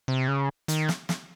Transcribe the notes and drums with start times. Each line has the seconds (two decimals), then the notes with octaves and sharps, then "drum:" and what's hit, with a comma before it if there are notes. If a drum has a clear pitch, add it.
0.08 C3
0.28 C#3
0.68 D#3, drum: hi-hat
0.89 drum: snare
1.09 drum: snare